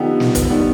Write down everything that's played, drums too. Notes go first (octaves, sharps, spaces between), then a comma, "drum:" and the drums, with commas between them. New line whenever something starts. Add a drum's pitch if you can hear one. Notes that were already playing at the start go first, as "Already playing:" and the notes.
Already playing: D3 F3 B3 D#4 G4
drum: snare
drum: kick, hi-hat
D#3 G3 B3